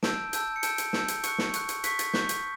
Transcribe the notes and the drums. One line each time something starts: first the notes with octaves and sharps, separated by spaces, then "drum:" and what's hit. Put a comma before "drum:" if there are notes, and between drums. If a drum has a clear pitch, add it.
A5 E6 G6 D7, drum: snare
A5 E6 G6, drum: hi-hat
C#7
A5 E6 G6 D7, drum: hi-hat
drum: hi-hat
A5 E6 G6, drum: snare
drum: hi-hat
C#6 F#6 C#7, drum: hi-hat
drum: snare
C#6 F#6, drum: hi-hat
drum: hi-hat
C#6 F#6 B6, drum: hi-hat
A6, drum: hi-hat
C#6 F#6 G6, drum: snare
drum: hi-hat